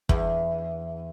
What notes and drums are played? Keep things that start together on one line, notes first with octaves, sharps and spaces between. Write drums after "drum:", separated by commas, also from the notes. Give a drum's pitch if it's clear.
E2, drum: kick